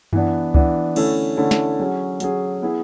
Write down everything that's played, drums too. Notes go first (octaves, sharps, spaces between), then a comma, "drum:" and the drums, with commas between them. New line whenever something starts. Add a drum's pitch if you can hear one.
E3 B3 D4, drum: tom F#2
E3 B3 D4, drum: kick C#2
D3 A3 C#4 E4 A4, drum: cymbal
D3 A3 C#4 E4 A4
drum: snare
F#3 C#4 G#4
F#3 C#4 G#4, drum: hi-hat
B3 E4 G#4